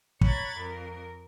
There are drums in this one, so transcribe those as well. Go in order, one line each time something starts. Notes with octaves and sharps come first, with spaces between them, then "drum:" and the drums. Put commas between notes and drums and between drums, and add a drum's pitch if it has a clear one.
C#5 A#5 B5 F#6 G#6 A6, drum: kick
F2 A#4